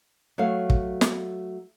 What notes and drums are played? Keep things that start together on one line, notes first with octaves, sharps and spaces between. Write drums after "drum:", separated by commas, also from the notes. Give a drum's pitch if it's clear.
F#3 A3 C#5 F5
drum: kick
drum: snare